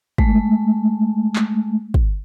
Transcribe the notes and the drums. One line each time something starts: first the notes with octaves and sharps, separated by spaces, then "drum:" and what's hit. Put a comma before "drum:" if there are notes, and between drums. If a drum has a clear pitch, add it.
G#3 A3, drum: kick
drum: clap
drum: kick